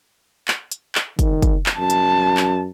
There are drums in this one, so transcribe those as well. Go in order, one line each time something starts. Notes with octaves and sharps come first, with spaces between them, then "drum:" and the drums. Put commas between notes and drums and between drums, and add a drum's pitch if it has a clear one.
drum: clap
drum: hi-hat
drum: clap
D#3, drum: kick, hi-hat
drum: kick, hi-hat
drum: clap
F#2 A5
drum: hi-hat
drum: clap